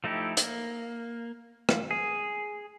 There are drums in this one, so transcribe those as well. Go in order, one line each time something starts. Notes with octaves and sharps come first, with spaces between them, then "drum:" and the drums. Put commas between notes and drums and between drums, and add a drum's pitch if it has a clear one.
F3 A3 D#4 E4 G4
A#3, drum: hi-hat
drum: rim click
G#4